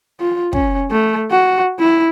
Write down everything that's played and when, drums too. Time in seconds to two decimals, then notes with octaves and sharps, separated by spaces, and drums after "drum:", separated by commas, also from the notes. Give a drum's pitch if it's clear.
0.20 F4
0.53 C#4, drum: kick
0.91 A3
1.31 F#4
1.79 E4